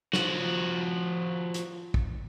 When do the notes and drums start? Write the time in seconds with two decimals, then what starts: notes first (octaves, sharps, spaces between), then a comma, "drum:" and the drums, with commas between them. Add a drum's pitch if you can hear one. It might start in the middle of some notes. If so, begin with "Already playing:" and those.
0.13 F3 F#4, drum: snare
1.54 drum: hi-hat
1.94 drum: kick